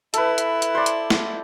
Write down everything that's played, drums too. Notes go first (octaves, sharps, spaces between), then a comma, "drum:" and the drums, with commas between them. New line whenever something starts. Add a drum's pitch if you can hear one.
E4 A4 B4, drum: hi-hat
drum: hi-hat
drum: hi-hat
C5 D5
drum: hi-hat
drum: snare